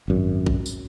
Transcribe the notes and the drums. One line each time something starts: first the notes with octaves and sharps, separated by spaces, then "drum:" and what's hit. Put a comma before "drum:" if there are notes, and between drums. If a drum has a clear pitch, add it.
G#1 F#2
drum: kick A#1
drum: tambourine